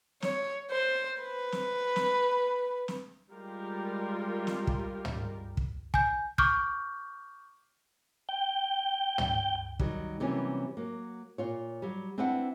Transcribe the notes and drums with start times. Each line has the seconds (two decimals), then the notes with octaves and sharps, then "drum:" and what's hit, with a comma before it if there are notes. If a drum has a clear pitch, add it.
0.22 C#5, drum: snare
0.71 C5
1.21 B4
1.52 drum: snare
1.96 drum: snare
2.88 drum: snare
3.34 G3 G#3 F4 G4 A#4
4.47 drum: snare
4.67 drum: kick
5.05 drum: tom
5.57 drum: kick
5.94 G#5 G6, drum: kick
6.38 C#6 D6 F6 G6, drum: kick
8.29 G5
9.18 drum: tom
9.79 D#3 F#3 G3, drum: kick
10.20 C3 E3 F#3 G3 A#3 C#4
10.77 F#3 A#3
11.38 A#2 F4 C#5
11.82 F#3 G3
12.18 C4 D4 E4 B4 E5 F#5